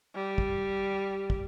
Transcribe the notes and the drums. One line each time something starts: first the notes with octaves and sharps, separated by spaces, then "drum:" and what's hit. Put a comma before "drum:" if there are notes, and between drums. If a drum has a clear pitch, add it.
G3
drum: kick
drum: kick